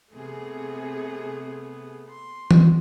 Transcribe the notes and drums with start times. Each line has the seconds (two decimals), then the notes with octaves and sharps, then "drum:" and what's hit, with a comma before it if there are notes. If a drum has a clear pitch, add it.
0.12 C3 A3 B3 G#4
2.09 C6
2.51 drum: tom E3